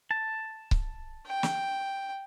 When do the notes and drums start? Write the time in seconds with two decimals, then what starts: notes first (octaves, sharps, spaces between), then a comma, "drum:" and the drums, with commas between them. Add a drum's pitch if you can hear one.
0.11 A5
0.71 drum: kick C#1
1.27 G5
1.43 drum: snare